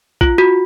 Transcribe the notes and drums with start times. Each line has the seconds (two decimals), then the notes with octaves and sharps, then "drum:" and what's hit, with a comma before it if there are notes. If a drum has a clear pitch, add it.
0.21 F4, drum: kick
0.38 F#4